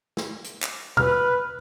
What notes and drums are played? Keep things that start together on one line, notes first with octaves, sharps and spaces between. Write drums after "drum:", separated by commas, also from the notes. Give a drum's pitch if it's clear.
drum: snare
drum: hi-hat
drum: clap
B4 F6, drum: tom B2